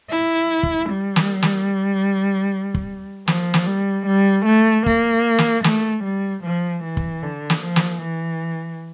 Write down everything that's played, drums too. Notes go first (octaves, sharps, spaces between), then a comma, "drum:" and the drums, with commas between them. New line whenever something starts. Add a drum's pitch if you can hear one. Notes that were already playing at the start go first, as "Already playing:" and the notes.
E4
drum: kick
G3
drum: snare
drum: snare
drum: kick
F3, drum: snare
drum: snare
G3
G3
A3
A#3, drum: kick
drum: snare
A3, drum: snare
G3
F3
E3
drum: kick
D3
drum: snare
F3
drum: snare
E3